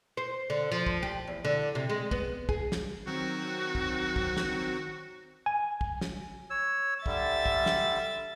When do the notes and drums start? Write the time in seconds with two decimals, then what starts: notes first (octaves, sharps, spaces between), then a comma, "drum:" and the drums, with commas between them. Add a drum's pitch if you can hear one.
0.17 C5
0.50 D3
0.72 F3
0.86 drum: kick
1.03 G4
1.27 E2
1.45 D3
1.75 C3
1.89 G#3
2.11 B3, drum: kick
2.49 G#4, drum: kick
2.72 drum: snare
3.07 D#3 F#3 C4 F#4
3.75 drum: kick
4.16 drum: kick
4.37 drum: snare
5.46 G#5
5.81 drum: kick
6.01 drum: snare
6.50 C#5 E6
7.06 D3 G3 E5 A6, drum: kick
7.46 drum: kick
7.66 drum: snare